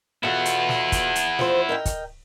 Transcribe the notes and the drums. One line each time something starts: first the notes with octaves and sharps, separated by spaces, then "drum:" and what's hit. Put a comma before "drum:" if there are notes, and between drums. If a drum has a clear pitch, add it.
B2 E4 F4 A4 F#5
drum: hi-hat
drum: snare
drum: kick, hi-hat
drum: hi-hat
F3 A3 C5, drum: snare
A#4 D#5 G5
drum: kick, hi-hat